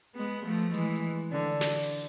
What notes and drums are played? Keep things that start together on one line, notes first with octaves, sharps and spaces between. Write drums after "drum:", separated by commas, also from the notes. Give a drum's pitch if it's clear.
G#3 B3
F3 A3
E3 G#3, drum: hi-hat
drum: hi-hat
D3
drum: snare
drum: open hi-hat